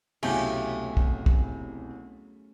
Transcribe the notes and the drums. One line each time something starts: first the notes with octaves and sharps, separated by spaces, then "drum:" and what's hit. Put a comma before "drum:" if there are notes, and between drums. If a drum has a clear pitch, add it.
E1 C2 C#3 F#3 A3 G4 G#5, drum: cymbal
drum: kick
drum: kick